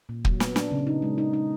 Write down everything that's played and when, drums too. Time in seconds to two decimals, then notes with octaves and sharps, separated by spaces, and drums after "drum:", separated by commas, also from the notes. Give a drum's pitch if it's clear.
0.09 A#2
0.25 F#3, drum: kick
0.40 B3, drum: snare
0.56 D4, drum: snare
0.71 C#3
0.87 D#4
1.02 G#3
1.18 D#4
1.33 D#4